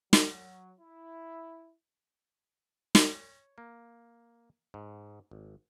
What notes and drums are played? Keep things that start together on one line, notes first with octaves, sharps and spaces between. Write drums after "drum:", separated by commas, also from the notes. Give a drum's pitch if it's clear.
F#3, drum: snare
E4
C#5, drum: snare
A#3
G#2
G#1